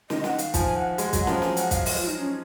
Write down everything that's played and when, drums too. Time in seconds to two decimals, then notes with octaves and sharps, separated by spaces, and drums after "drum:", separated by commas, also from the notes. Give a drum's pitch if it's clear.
0.10 D#3 D#5, drum: snare
0.24 F#5, drum: snare
0.38 F5, drum: hi-hat
0.54 F3 G#5, drum: kick, hi-hat
0.76 F#5
0.98 G#3, drum: hi-hat
1.13 F#3, drum: kick, hi-hat
1.27 F3, drum: snare
1.42 G#5, drum: snare
1.57 F#5, drum: hi-hat
1.71 F5, drum: kick, hi-hat
1.86 D#5, drum: open hi-hat
1.97 F4
2.07 D#4
2.19 C#4